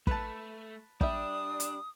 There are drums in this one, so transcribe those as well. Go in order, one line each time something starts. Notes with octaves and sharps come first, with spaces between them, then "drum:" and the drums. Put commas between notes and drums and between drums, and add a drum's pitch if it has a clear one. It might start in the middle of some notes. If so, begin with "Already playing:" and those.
A3 B4 A5, drum: kick
G3 D4 E5 D#6, drum: kick
drum: hi-hat